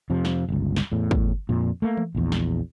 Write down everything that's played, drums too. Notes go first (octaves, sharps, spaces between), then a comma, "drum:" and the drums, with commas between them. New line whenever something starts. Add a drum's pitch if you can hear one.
F2 C3 F3
drum: snare
G1 C#2
drum: snare
E2 A2
drum: kick
F2 A#2
A3 A#3
drum: tom E3
A#1 E2
drum: snare